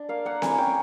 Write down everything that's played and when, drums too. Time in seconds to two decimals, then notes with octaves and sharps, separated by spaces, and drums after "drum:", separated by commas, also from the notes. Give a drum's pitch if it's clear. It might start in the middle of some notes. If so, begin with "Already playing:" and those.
Already playing: D4
0.09 A#3 F5
0.25 A#3 F#5
0.42 E4 G#5, drum: snare C4
0.58 C#4 G5